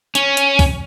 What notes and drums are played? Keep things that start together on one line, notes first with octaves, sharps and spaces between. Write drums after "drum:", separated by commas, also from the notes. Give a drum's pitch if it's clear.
C#4, drum: hi-hat
drum: hi-hat
drum: kick, open hi-hat